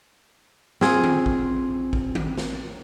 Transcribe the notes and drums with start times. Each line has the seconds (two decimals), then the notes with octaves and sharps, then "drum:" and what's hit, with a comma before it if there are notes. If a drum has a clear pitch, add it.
0.81 C4 F4 G#4, drum: snare
1.04 drum: tom D#3
1.26 drum: kick A1
1.93 drum: kick A1
2.15 drum: tom D#3
2.38 drum: snare